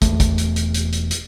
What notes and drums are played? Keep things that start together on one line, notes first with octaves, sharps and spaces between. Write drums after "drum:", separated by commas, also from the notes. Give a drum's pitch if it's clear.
E1 E2 A3, drum: kick, hi-hat
drum: kick, hi-hat
drum: hi-hat
drum: hi-hat
drum: hi-hat
drum: hi-hat
drum: hi-hat